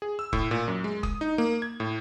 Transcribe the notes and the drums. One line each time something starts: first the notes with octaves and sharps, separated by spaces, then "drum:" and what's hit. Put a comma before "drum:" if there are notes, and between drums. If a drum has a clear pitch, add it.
G#4
E6
A2, drum: kick
A#2
F#2
G#3
D#6, drum: kick
D#4
A#3
G#6
A2